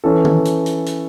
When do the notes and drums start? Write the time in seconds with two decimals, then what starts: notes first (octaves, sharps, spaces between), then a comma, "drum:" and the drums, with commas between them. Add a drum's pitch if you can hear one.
0.04 E3 C#4 A4
0.25 drum: tom D#3
0.45 drum: hi-hat
0.66 drum: hi-hat
0.86 drum: hi-hat